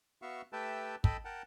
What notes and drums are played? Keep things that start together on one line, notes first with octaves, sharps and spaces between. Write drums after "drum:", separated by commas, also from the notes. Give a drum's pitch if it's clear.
B3 F#4 E5 F5 C#6
A3 G4 B4 E5 G5 A5
A4 D#5 G5 A5 B5, drum: kick
A#4 F#5 G5 A5